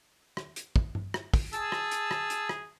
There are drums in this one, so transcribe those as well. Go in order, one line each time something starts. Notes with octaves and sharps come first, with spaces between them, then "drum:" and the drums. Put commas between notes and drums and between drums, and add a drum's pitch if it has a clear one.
drum: rim click
drum: hi-hat
drum: kick
drum: tom G2
drum: rim click
drum: kick, open hi-hat
G#4 A5 E6, drum: hi-hat
drum: rim click
drum: hi-hat
drum: rim click
drum: hi-hat
drum: rim click